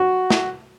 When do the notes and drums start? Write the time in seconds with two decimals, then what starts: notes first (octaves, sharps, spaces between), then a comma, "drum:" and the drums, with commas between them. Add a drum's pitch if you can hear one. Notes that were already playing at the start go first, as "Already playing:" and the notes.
Already playing: F#4
0.30 drum: snare